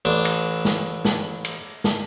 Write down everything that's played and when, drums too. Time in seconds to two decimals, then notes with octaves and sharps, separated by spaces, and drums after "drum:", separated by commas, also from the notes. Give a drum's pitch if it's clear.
0.05 A1 D4
0.25 drum: cymbal
0.65 drum: snare
1.05 drum: snare
1.45 drum: cymbal
1.84 drum: snare